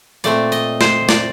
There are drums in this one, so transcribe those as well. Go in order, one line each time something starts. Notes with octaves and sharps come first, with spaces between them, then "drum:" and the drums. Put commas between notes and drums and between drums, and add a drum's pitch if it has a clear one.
A#2 A3 C4 D5, drum: hi-hat
D#5, drum: hi-hat
C5, drum: snare
D5, drum: snare